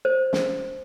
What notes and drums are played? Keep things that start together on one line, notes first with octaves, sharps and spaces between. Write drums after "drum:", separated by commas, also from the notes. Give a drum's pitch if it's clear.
C5
drum: snare